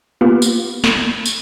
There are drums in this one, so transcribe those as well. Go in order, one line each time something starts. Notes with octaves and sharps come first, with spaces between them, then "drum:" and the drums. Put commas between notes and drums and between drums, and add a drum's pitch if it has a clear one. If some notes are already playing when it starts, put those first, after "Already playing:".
A#3 B3 F4 G4 B4
drum: tambourine
drum: snare
drum: tambourine